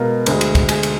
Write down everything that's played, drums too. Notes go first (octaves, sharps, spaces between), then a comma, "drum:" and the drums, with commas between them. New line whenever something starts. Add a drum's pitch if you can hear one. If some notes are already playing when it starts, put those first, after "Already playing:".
Already playing: B2 G#3 B3 A#4 D#5 F5
D2 D3 G#3, drum: cymbal
drum: cymbal
drum: kick, cymbal
G#4, drum: cymbal
drum: cymbal